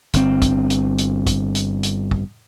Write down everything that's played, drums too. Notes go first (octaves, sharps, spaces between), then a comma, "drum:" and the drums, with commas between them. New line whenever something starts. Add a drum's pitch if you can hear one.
G1 A#2 C4, drum: hi-hat
drum: kick, hi-hat
drum: hi-hat
drum: hi-hat
drum: kick, hi-hat
drum: hi-hat
drum: hi-hat
drum: kick